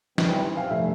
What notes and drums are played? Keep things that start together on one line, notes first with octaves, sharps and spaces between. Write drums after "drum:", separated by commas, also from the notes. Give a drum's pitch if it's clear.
E3 G3 C4 D#4, drum: snare
C4 F5 G#5
F1 G2 A3 E5